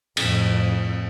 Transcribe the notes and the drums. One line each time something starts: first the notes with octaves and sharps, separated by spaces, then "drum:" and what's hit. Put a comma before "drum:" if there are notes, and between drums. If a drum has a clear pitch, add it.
F2 A2, drum: cymbal